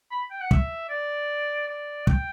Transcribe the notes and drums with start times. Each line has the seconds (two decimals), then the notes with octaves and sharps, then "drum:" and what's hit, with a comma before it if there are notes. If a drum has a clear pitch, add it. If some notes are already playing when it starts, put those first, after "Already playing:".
0.11 B5
0.31 G5
0.41 F#5
0.51 E5, drum: kick
0.89 D5
1.68 D5
2.07 G5, drum: kick